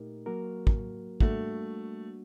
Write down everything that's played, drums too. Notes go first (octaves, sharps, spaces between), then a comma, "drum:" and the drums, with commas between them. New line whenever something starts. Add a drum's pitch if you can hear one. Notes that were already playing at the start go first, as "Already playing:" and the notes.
Already playing: A#2 A3 D#4 G4 A#4
F#3 A#3 F#4 A#4
drum: kick
G3 A3 A#3 D4 F#4, drum: kick